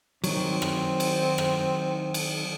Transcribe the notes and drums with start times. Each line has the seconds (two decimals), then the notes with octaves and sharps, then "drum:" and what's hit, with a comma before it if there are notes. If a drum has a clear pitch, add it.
0.24 D#3 F#3 C4, drum: cymbal
0.62 drum: rim click
1.00 drum: cymbal
1.38 drum: rim click
2.14 drum: cymbal